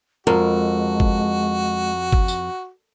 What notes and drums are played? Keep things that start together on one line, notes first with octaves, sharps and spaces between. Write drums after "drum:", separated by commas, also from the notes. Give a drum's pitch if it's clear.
F2 G#3 F#4 A#4
drum: kick G1
drum: kick G1
drum: tambourine